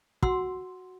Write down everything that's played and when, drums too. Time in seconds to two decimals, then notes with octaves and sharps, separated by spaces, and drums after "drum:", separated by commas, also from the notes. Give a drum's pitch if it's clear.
0.23 F#4 F#5 C6 E6, drum: kick